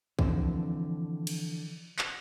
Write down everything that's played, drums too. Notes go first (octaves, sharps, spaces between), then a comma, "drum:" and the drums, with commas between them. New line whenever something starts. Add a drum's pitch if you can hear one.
D3 E3 F3 C4, drum: kick
drum: cymbal
drum: clap